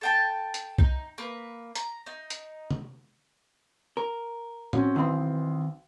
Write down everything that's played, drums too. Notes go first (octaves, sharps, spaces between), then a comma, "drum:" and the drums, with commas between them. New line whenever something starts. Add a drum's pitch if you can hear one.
A4 G5 A5
drum: hi-hat
D#4, drum: kick C2
A#3 B4
A#5, drum: hi-hat
D#4
drum: hi-hat
drum: tom C3
A#4
C4 C#4 F#4, drum: tom A2
B1 D#3 E3 C4 C6